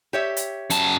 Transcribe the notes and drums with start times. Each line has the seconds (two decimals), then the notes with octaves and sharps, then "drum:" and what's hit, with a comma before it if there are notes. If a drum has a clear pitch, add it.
0.13 G4 C#5 E5
0.37 drum: hi-hat
0.70 F#2 A5, drum: hi-hat